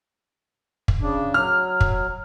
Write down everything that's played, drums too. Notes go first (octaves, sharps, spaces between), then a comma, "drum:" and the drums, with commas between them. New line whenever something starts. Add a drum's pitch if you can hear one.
drum: kick
C#3 D4
F#3 F6
drum: kick